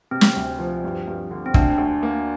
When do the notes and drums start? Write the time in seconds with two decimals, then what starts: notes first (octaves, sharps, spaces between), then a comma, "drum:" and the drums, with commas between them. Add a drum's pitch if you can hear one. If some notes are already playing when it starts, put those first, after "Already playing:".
0.11 C3 C4
0.21 drum: snare
0.36 D2
0.59 F3
0.84 G2
1.08 G2
1.31 D3
1.46 C4
1.54 D2 D4, drum: kick
1.78 D2
2.03 A#3